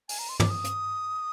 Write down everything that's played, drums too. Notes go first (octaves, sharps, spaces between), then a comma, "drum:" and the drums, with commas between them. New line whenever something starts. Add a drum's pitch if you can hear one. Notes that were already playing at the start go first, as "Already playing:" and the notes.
G#5, drum: open hi-hat
A#5
C6
D6, drum: tom
D#6
drum: hi-hat